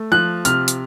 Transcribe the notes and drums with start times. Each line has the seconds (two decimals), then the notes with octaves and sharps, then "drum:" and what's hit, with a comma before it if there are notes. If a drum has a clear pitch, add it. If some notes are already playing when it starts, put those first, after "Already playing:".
Already playing: A3
0.12 F3 F#6
0.45 C3 F6, drum: hi-hat
0.68 drum: hi-hat